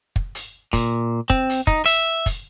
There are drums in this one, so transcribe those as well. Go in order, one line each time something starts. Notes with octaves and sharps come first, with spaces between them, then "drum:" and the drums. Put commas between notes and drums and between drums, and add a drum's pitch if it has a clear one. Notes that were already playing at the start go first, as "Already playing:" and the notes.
drum: kick
drum: hi-hat
A#2, drum: kick, hi-hat
C4, drum: kick
drum: hi-hat
D#4, drum: kick
E5, drum: hi-hat
drum: kick, hi-hat